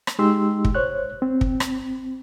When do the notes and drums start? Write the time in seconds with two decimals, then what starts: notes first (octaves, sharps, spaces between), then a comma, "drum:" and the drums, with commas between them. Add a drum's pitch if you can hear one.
0.07 drum: rim click
0.19 G#3 D#4 G4 C6 E6
0.65 drum: kick
0.75 C5 C#5 F#6
1.22 C4
1.41 drum: kick
1.60 drum: rim click